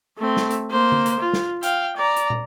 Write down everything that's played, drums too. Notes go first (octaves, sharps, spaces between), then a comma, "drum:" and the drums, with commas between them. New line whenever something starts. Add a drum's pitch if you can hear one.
A3 C4
drum: snare
drum: hi-hat
A#3 C5
drum: tom D3
drum: hi-hat
F4
drum: snare
F5 G5, drum: hi-hat
D5 A#5
drum: hi-hat
drum: tom